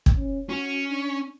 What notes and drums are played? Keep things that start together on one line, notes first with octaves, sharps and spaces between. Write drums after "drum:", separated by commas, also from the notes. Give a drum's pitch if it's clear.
drum: kick
C#4
C#4 F#4
D4